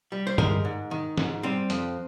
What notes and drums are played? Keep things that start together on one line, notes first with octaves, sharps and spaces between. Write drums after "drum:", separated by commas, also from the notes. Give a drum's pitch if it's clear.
G3
C5
G#3 A#4, drum: tom G2
G#2
D#3
G#2, drum: snare
G3 C4
F2, drum: hi-hat